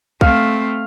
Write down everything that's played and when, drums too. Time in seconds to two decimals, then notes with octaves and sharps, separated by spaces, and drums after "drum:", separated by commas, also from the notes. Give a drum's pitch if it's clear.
0.21 A3 C4 F5, drum: kick